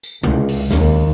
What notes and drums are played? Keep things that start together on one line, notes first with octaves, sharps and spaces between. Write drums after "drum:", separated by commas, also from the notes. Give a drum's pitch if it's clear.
drum: tambourine
C#2, drum: tom
drum: open hi-hat
D#2, drum: snare